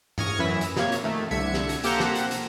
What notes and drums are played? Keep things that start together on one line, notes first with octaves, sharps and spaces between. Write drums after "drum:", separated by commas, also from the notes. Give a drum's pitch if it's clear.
C#6 D#6 F6 G#6 A#6 C#7, drum: tom G2
F#2 E3 E4 E5
drum: hi-hat
C3 A#3 C#5, drum: snare
drum: hi-hat
D#3 A3
C2 D3 E5 G#6 C#7
drum: snare
drum: hi-hat
A#3 G4 A4 C5 F#5 A#5, drum: hi-hat
drum: snare
drum: hi-hat
drum: hi-hat